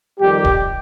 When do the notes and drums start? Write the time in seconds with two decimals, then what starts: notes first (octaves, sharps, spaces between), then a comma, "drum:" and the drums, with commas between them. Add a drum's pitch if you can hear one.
0.20 F2 D#3 G3 G4
0.44 drum: kick D1